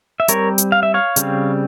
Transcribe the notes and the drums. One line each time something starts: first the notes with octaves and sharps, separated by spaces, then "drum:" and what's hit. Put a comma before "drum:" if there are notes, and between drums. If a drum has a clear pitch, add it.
E5
G3 C4 A#4 C#5, drum: hi-hat
drum: hi-hat
F5
E5
C#5 F5
C#3 G3 C4, drum: hi-hat